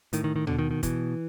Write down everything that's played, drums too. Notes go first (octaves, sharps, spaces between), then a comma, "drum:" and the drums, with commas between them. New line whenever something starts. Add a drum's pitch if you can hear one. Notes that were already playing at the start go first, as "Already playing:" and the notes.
A2 D#3, drum: hi-hat
D#3
D#3
B2 D3, drum: tom D#2
D#3
D#3
B2 E3, drum: kick, hi-hat